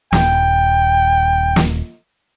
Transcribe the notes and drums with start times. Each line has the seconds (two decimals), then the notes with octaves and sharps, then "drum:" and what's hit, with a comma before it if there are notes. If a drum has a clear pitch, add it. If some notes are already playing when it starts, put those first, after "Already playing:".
0.13 D#1 G5, drum: snare
1.56 drum: snare